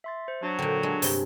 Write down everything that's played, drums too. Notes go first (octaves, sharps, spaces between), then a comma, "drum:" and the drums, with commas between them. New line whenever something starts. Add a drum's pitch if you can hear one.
E5 C6 A6
C5
F#3 D4 F#4 C5
A#2 D3 G5
G#3 D4
G2 C3, drum: open hi-hat